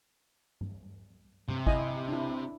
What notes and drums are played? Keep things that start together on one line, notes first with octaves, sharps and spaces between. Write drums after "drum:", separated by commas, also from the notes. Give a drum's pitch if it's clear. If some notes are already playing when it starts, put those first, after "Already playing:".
drum: tom G2
C3, drum: tom G2
E4 D#5 G#5, drum: kick
D4 E4